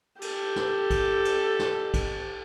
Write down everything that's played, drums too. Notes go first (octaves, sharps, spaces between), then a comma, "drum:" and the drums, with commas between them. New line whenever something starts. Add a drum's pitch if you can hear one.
G4 A4, drum: cymbal
drum: snare
drum: kick, cymbal
drum: cymbal
drum: snare
drum: kick, cymbal